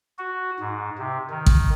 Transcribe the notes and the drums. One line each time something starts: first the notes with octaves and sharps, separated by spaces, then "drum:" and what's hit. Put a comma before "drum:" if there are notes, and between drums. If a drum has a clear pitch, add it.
F#4
G#2
C3
D#3
drum: kick A1